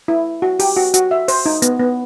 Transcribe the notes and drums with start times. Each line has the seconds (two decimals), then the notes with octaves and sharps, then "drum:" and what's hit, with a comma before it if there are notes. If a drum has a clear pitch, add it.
0.08 E4
0.42 F#4
0.59 G4, drum: open hi-hat
0.76 F#4
0.94 F#4, drum: hi-hat
1.11 E5
1.28 C5, drum: open hi-hat
1.46 D#4
1.62 B3, drum: hi-hat
1.80 B3